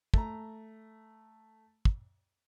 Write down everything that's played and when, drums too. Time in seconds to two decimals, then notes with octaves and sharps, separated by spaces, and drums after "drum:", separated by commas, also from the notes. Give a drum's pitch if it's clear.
0.14 A3 A#5, drum: kick
1.85 drum: kick